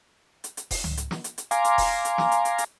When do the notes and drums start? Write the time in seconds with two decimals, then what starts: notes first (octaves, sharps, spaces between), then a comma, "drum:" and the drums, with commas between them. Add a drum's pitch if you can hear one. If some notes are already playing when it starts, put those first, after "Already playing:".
0.44 drum: hi-hat
0.57 drum: hi-hat
0.71 drum: kick E1, open hi-hat
0.84 drum: tom C#2
0.97 drum: hi-hat
1.11 drum: snare
1.24 drum: hi-hat
1.38 drum: hi-hat
1.51 F5 G#5 A#5 C6 D6, drum: hi-hat
1.64 drum: hi-hat
1.78 drum: kick E1, open hi-hat
2.05 drum: hi-hat
2.18 drum: snare
2.32 drum: hi-hat
2.45 drum: hi-hat
2.58 drum: hi-hat